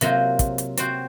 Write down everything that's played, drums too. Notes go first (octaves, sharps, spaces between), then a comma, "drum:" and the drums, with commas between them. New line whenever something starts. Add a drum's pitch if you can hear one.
C3 F#3 A#3 F4 C5, drum: hi-hat
drum: kick, hi-hat
drum: hi-hat
C4 F#4 C5, drum: hi-hat